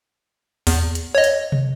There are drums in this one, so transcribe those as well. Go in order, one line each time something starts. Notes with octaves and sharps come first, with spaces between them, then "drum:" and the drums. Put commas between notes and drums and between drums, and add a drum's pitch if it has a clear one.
E2, drum: open hi-hat
drum: hi-hat
C#5 D#5
drum: hi-hat
drum: tom